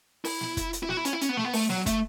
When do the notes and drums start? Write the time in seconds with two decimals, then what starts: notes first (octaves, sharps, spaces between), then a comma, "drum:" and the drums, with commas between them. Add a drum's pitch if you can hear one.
0.25 E4, drum: open hi-hat
0.41 drum: snare
0.57 drum: kick, hi-hat
0.73 drum: hi-hat
0.83 E4
0.89 F#4, drum: snare
0.97 E4
1.05 C#4, drum: hi-hat
1.13 E4
1.21 C#4, drum: hi-hat
1.29 B3
1.37 A3, drum: snare
1.44 B3
1.53 A3, drum: open hi-hat
1.70 F#3, drum: snare
1.86 A3, drum: kick, hi-hat